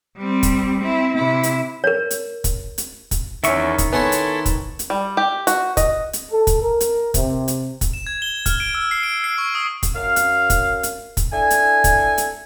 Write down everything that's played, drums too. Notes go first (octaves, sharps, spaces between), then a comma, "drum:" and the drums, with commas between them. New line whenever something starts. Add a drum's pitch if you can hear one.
G3 C4
drum: kick, hi-hat
C4 E4
C3 E4
drum: hi-hat
A#4 C#5
drum: hi-hat
drum: kick, hi-hat
drum: hi-hat
drum: kick, hi-hat
E2 D#3 C#4 E5 C#6, drum: hi-hat
drum: kick, hi-hat
B3 C#4 E4 A4 C5 C#5
drum: hi-hat
drum: kick, hi-hat
drum: hi-hat
G3
G4
F#4, drum: hi-hat
D#5, drum: kick, hi-hat
drum: hi-hat
A4
drum: kick, hi-hat
A#4
drum: hi-hat
C3, drum: kick, hi-hat
drum: hi-hat
drum: kick, hi-hat
E7
G#6
G7
F6, drum: kick, hi-hat
D7
E6
C7
D7
C7
C#6
D#6
drum: kick, hi-hat
F#2 F5
drum: hi-hat
drum: kick, hi-hat
drum: hi-hat
drum: kick, hi-hat
D4 E4 A4 G#5
drum: hi-hat
drum: kick, hi-hat
drum: hi-hat